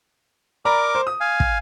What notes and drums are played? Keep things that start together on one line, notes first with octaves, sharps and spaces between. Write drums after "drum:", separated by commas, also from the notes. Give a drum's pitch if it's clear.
A#4 D5 A#5 B5 D6
C5
D#6
F5 G#5
drum: kick